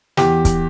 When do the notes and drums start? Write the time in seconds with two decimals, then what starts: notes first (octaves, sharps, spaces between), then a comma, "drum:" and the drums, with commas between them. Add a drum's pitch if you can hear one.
0.17 E2 G4, drum: snare
0.45 drum: kick, hi-hat